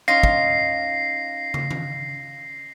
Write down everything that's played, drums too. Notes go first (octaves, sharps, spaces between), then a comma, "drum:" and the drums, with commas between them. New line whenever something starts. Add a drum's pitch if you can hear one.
C#4 D#4 F4 F5 A#6 C7
drum: kick
drum: tom
drum: tom D#3